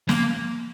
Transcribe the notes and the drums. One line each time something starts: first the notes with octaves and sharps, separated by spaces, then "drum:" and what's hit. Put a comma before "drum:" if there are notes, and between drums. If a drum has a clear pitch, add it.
A#3, drum: snare